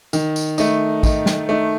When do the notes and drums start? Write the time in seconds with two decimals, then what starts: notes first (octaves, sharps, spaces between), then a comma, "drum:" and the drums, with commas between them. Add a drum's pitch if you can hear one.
0.13 D#3, drum: tambourine
0.36 drum: tambourine
0.58 A3 D#4, drum: tambourine
1.03 D#3, drum: kick, tambourine
1.26 drum: snare
1.49 A3 D#4